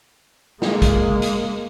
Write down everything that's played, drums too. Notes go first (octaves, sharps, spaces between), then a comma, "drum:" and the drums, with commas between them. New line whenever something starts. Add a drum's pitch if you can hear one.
G#3 A#3, drum: snare
drum: kick A#1, hi-hat
drum: hi-hat